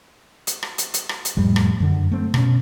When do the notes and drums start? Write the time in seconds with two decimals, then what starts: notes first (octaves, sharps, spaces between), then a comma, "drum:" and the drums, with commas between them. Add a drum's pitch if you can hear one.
0.47 drum: hi-hat
0.63 drum: rim click
0.78 drum: hi-hat
0.94 drum: hi-hat
1.09 drum: rim click
1.25 drum: hi-hat
1.37 F2 A2 G3
1.56 drum: rim click
1.80 F#2 D3
2.12 A3 C4
2.34 B2 C#4, drum: rim click